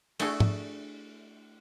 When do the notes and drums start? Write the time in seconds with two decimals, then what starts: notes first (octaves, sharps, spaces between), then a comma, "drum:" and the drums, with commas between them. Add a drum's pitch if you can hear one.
0.20 A3 D4 E4 F#4 G#4 A4, drum: cymbal
0.40 drum: tom G#2